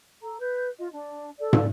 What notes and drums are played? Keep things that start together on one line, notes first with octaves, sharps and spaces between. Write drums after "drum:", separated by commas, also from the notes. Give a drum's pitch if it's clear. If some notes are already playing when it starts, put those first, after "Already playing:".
A4 A#5
B4 G6
F4 D#5
D4
A4 D5
drum: tom